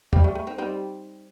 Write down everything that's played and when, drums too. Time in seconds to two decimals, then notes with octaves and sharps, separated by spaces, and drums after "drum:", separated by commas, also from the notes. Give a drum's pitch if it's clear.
0.13 G3 A#3, drum: tom
0.24 A3
0.35 A3
0.47 C4 D#4
0.58 G3 C4 D#4